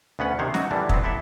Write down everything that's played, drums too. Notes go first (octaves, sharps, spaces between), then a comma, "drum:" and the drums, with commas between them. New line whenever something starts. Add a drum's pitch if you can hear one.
D2 B3 C#4 F#5
C3 D#3 C5 C#5
F#3 D#4 F#4, drum: snare
D3 E3 F#3 G3 D4
F#3 B3 C4, drum: kick
E4 A4 D5 E5